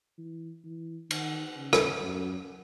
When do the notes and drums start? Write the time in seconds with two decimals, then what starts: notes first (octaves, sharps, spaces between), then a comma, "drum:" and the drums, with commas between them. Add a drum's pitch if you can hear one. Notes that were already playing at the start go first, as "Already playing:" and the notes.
0.18 E3
0.64 E3
1.11 D#3, drum: cymbal
1.57 C#3
1.73 drum: rim click
2.04 F#2